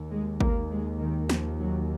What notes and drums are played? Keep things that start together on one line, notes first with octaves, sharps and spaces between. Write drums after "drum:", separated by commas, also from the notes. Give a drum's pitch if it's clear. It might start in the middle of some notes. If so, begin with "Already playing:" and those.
Already playing: D#2
G#3
A#3, drum: kick
G#3
D#3
F3, drum: snare
F#3